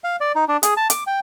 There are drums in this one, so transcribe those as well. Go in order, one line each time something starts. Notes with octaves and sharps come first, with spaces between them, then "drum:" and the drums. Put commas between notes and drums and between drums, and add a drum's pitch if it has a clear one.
F5
D5
D#4
D4
G#4, drum: hi-hat
A5
D6, drum: hi-hat
G5